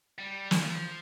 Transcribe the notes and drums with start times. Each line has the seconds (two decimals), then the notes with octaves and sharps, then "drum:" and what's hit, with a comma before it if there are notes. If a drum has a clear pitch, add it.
0.18 G3
0.51 F3, drum: snare